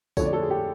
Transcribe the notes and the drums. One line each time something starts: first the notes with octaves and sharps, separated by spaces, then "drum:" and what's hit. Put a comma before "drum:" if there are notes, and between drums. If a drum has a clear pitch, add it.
F2 D3 F3 A3 C#5, drum: kick B1, tambourine
D5
A4
G#4
G4